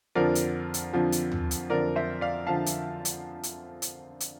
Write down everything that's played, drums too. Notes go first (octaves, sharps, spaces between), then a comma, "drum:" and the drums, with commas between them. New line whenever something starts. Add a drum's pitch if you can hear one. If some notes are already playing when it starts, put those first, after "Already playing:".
F2 D3 F3 A#4 D5
drum: hi-hat
drum: hi-hat
F2 D3 F3
drum: hi-hat
drum: tom
drum: hi-hat
F2 D3 F3 A#4 D5
C5 E5
D5 F5
D3 F3 F5 A5
drum: hi-hat
drum: hi-hat
drum: hi-hat
drum: hi-hat
drum: hi-hat